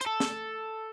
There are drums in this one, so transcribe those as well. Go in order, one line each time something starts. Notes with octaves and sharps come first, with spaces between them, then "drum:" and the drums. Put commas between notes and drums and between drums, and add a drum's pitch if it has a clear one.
C5, drum: hi-hat
A4
drum: snare